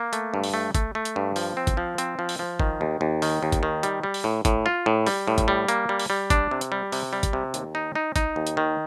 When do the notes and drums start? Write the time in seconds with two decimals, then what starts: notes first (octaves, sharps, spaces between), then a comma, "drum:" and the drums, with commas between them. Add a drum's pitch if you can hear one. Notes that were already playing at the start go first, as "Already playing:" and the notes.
Already playing: A#3
0.13 A3, drum: hi-hat
0.34 G2
0.44 drum: open hi-hat
0.54 A3
0.75 A3, drum: kick, hi-hat
0.95 A3
1.05 drum: hi-hat
1.16 G2
1.36 F3, drum: open hi-hat
1.57 C4
1.67 drum: kick, hi-hat
1.77 F3
1.98 C4, drum: hi-hat
2.19 F3
2.29 drum: open hi-hat
2.39 F3
2.60 D#3, drum: kick
2.81 D#2
3.01 D#2
3.22 D#3, drum: open hi-hat
3.43 D#2
3.52 drum: kick, hi-hat
3.63 D#3
3.83 G3, drum: hi-hat
4.03 G3
4.14 drum: open hi-hat
4.24 A2
4.45 A2, drum: kick, hi-hat
4.66 F4
4.86 A2
5.07 G3, drum: open hi-hat
5.28 A2
5.38 drum: kick, hi-hat
5.48 G3
5.69 A#3, drum: hi-hat
5.89 G3
6.00 drum: open hi-hat
6.10 G3
6.30 D4, drum: kick, hi-hat
6.51 C3
6.61 drum: hi-hat
6.72 G3
6.92 C3, drum: open hi-hat
7.13 G3
7.23 drum: kick, hi-hat
7.33 C3
7.54 D#2, drum: hi-hat
7.75 D#4
7.95 D#4
8.16 D#4, drum: kick, hi-hat
8.36 D#2
8.47 drum: hi-hat
8.57 D#3